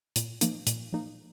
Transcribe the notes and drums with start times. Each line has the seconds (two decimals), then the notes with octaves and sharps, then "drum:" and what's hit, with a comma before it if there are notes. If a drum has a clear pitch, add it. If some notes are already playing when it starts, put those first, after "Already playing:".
0.16 A#2, drum: hi-hat
0.41 F3 A#3 D#4, drum: hi-hat
0.67 A#2, drum: hi-hat
0.93 F3 A#3 D#4